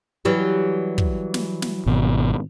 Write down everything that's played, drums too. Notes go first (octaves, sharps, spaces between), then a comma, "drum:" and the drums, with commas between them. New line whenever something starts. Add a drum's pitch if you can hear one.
E3 F#3 G3
drum: kick
drum: snare
drum: snare
G#1 B2